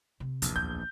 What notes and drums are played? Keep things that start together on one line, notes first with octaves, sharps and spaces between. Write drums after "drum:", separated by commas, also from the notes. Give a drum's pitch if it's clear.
C3
A#1 E2, drum: hi-hat
D2 G6